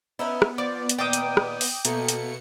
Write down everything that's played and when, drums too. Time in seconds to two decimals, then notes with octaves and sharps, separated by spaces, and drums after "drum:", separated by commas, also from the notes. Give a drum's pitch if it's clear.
0.19 B3 C#4 D#4 E4
0.42 drum: rim click
0.58 F3 D5
0.89 drum: hi-hat
0.98 A#2 D#3 G5 D6 D#6
1.13 drum: hi-hat
1.37 drum: rim click
1.61 drum: open hi-hat
1.85 B2 A3 A#3 C#7, drum: hi-hat
2.08 drum: hi-hat